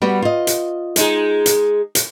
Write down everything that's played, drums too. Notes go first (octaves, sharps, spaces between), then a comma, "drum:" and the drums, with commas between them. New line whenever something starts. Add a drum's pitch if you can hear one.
G3 B3 F#4
F4 D#5
drum: hi-hat
G#3 D#4 G#4, drum: hi-hat
drum: hi-hat
drum: hi-hat